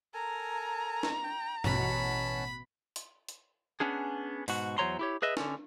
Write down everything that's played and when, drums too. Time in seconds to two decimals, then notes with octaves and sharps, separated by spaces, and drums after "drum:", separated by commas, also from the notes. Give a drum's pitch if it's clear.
0.14 A4 A#4 G#5 A#5
1.03 drum: snare
1.24 G5
1.64 A1 B2 C#4 F#5 A5 B5, drum: tom G2
2.96 drum: hi-hat
3.29 drum: hi-hat
3.80 B3 C#4 D4 G#4
4.48 G#2 B2 F#4, drum: open hi-hat
4.78 E2 F#3 C5 C#5 A#5 C6
4.99 E4 G4 C#5
5.22 G#4 B4 D#5 E5
5.37 D3 C#4, drum: snare